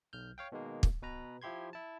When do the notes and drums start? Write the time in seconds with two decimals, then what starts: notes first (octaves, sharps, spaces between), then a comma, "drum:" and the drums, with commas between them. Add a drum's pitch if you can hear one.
0.13 B1 F6 G6
0.38 C#5 F5 G5
0.52 B2 D#3 G#3 A#3
0.83 drum: kick
1.02 B2 B4 A#5
1.42 F3 E4 G4 C6 G#6
1.73 E4 A5